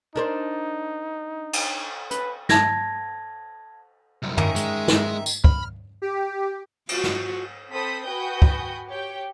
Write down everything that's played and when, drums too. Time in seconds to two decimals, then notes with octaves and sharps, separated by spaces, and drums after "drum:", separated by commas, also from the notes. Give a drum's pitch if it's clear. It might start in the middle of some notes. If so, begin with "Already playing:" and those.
0.16 D4 D#4 A#4 C5
1.53 drum: cymbal
2.11 B4, drum: hi-hat
2.49 A5 G#6 A#6, drum: snare
4.22 C2 F#2
4.37 D#3 C#4 D#4 A#4 E5, drum: tom
4.56 G#3, drum: hi-hat
4.88 drum: snare
5.26 drum: tambourine
5.44 B5 F6, drum: kick
6.02 G4
6.89 F4 F#4, drum: cymbal
7.04 drum: snare
7.71 C4 A4 C5 B5 D#6 B6
8.05 F#4 B4 G5 G#5 D#6 G6
8.42 drum: kick
8.88 G4 C#5 G5